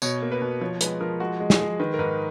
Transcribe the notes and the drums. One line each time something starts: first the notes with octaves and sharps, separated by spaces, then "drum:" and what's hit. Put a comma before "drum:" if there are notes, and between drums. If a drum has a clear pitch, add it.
B2 C#5, drum: tambourine
A#3
B4
B2
F3 C#5
G#3 B4, drum: hi-hat
F3 A#4
G#3 F#4
G#3
G#4, drum: snare
G#3
D#3 B4
A#4
G#2 B4